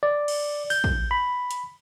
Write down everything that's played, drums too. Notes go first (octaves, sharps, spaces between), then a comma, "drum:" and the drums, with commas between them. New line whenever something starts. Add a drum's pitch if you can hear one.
D5
drum: cymbal
G6, drum: open hi-hat
drum: kick
B5
drum: hi-hat